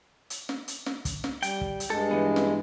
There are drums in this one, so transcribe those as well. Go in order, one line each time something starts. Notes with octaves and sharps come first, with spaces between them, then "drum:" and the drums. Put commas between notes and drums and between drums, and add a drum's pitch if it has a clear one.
drum: hi-hat
drum: snare
drum: hi-hat
drum: snare
drum: kick, hi-hat
drum: snare
G3 G5, drum: hi-hat
drum: kick
drum: hi-hat
G2 G#3 A4
E3 B3
drum: snare